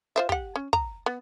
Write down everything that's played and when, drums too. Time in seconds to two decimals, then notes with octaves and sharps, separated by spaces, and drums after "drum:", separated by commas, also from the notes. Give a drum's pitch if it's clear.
0.16 F4 C5 E5
0.29 G4 F#5, drum: kick
0.56 C#4
0.73 A#5, drum: kick
1.06 B3